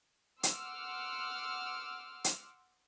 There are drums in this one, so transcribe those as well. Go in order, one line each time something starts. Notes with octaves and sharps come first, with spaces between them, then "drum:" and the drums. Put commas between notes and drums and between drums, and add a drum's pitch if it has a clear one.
F#5 C6 D6 E6 F6, drum: hi-hat
drum: hi-hat